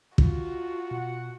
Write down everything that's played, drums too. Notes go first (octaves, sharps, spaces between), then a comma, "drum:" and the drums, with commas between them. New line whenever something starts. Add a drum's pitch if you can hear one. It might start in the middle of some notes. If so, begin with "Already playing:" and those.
F4 F#4, drum: kick
B2 F#5